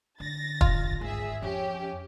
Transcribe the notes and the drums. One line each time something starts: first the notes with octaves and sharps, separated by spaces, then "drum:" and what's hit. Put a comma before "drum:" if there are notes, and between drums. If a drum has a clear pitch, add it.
D3 A6 A#6
F4, drum: kick
G#1 G#4 E5
F2 C#4 G4